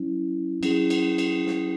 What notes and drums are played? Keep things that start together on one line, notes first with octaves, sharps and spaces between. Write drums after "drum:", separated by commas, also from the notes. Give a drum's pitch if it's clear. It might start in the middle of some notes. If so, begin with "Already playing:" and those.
Already playing: F#3 C#4 E4
F#3 C#4 E4 G#4, drum: cymbal
drum: cymbal
drum: cymbal
drum: snare